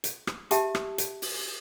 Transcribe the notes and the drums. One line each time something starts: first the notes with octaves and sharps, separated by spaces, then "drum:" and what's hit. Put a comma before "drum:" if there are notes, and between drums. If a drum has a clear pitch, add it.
drum: hi-hat
drum: rim click
G4 E5 A5, drum: hi-hat
drum: rim click
drum: hi-hat
drum: open hi-hat